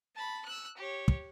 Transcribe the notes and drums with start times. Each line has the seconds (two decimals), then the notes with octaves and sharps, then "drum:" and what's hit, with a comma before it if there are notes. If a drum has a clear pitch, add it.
0.15 A5 B5
0.46 E6 F#6
0.78 G4 C#5
1.08 drum: kick